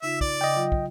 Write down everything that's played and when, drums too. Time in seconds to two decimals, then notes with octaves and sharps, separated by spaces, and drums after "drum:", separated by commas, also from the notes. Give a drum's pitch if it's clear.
0.02 C#3 D#4 F4 E5
0.21 D5, drum: kick
0.41 C#3 D#5 G5
0.56 F#3 F4
0.72 drum: kick